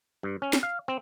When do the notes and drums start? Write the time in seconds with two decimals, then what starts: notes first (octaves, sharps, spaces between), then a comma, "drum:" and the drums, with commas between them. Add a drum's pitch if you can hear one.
0.23 G2
0.42 C#4
0.53 drum: snare
0.63 F5
0.88 C4